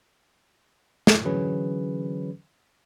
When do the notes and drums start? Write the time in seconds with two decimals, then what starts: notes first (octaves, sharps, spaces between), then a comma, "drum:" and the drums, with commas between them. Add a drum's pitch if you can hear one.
1.07 drum: snare
1.25 D3 E3 F#3 C#4 G#4 B4